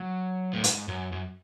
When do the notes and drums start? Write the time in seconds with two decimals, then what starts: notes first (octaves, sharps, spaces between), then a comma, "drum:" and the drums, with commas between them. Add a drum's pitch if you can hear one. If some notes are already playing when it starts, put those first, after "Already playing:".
Already playing: F#3
0.53 A2
0.64 G#2, drum: hi-hat
0.88 F#2
1.12 F#2